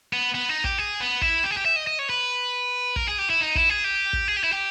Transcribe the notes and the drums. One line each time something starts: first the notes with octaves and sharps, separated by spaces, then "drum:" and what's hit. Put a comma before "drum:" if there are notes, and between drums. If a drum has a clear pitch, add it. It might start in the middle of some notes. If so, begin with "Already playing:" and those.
B3
B3
D#4
G4, drum: kick
G#4
B3
E4, drum: kick
G4
G#4
G4
E5
D#5
D#5
C#5
B4
A#4, drum: kick
G#4
G4
E4
D#4
E4, drum: kick
G#4
G4
drum: kick
G#4
G4
E4
G4